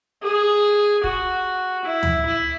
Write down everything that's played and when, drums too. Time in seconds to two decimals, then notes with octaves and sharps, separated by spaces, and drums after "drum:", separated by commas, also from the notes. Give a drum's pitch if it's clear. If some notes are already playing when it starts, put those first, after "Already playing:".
0.23 G#4
1.04 F#4, drum: kick
1.85 E4
2.03 drum: tom D2
2.26 E4